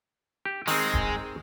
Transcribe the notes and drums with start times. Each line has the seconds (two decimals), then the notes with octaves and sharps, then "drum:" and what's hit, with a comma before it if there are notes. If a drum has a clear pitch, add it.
0.45 G4
0.68 D#3 G#3 C4, drum: open hi-hat
0.94 drum: kick D#1